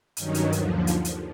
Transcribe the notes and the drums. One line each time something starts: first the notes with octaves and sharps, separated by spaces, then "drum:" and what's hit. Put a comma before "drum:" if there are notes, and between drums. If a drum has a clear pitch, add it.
G2 D#3 F#3 C#4 D#4, drum: hi-hat
drum: hi-hat
D#2 D3 F3, drum: hi-hat
drum: hi-hat
drum: hi-hat